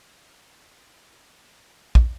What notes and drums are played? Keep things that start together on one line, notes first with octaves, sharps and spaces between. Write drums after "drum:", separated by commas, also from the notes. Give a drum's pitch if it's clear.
A3
D3
A3
F#3
D4
D3
D3
D4
G#2
E4
drum: kick